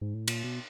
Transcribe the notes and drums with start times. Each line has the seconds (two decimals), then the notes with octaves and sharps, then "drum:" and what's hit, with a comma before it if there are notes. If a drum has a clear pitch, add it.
0.01 G#2
0.14 A2
0.28 A#2, drum: cymbal
0.44 B2